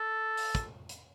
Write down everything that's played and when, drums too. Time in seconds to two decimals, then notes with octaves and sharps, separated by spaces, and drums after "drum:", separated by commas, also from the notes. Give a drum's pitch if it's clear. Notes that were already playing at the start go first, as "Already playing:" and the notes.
Already playing: A4
0.37 drum: open hi-hat
0.55 drum: kick, hi-hat
0.89 drum: hi-hat